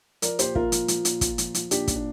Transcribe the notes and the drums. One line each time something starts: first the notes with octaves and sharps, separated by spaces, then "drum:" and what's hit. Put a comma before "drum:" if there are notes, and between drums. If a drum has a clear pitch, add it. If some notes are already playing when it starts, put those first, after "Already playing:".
F3 A#4 D5, drum: hi-hat
A#2 G4 C5, drum: hi-hat
A#2 F4 A#4, drum: kick
F3, drum: hi-hat
F3, drum: hi-hat
A#2, drum: hi-hat
A#2, drum: kick, hi-hat
F3, drum: hi-hat
F3, drum: hi-hat
A#2 D4 G4, drum: hi-hat
A#2, drum: kick, hi-hat
D4